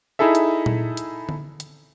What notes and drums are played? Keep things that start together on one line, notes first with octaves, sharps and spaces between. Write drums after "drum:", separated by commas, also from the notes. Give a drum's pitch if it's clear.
D#4 E4 G#4 A4 E5
drum: hi-hat
drum: tom A#2
drum: hi-hat
drum: tom D3
drum: hi-hat